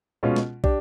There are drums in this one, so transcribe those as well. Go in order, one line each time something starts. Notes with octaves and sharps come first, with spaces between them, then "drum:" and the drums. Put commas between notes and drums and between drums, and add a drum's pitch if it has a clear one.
B2 G#3 C#4 F4
drum: snare
D4 G4, drum: kick